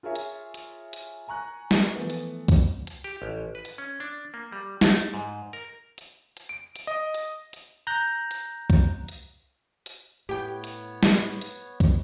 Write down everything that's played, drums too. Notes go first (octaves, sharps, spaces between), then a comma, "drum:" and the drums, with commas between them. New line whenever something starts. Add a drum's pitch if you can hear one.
F4 G#4 A#4 C#5 E5
drum: hi-hat
drum: hi-hat
drum: hi-hat
G#5 A#5 C#6 F#6
drum: snare
E3 F3 A3 B3
drum: hi-hat
drum: kick C2, hi-hat
drum: hi-hat
G4
A1
B4
drum: hi-hat
C#4
D4
A#3
G3
A3, drum: snare
G#2
A#4
drum: hi-hat
drum: hi-hat
D7
drum: hi-hat
D#5
drum: hi-hat
drum: hi-hat
A#5 F#6 G6 A#6
drum: hi-hat
drum: kick C2, hi-hat
drum: hi-hat
drum: hi-hat
A2 B3 G4 C#5 G5
drum: hi-hat
drum: snare
drum: hi-hat
drum: kick C2, hi-hat